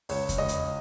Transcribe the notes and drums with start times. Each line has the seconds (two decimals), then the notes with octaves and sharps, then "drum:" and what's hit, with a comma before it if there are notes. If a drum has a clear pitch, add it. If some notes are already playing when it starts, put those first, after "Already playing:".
0.09 C#2 C#5, drum: open hi-hat
0.29 drum: kick E2, hi-hat
0.38 C#2 D#5
0.48 drum: hi-hat